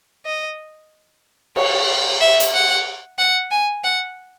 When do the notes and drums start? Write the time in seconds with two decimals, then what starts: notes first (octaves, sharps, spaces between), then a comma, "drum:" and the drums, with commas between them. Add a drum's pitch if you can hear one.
0.26 D#5
1.56 C#5, drum: cymbal
2.21 E5
2.40 drum: hi-hat
2.54 F#5
3.18 F#5
3.51 G#5
3.84 F#5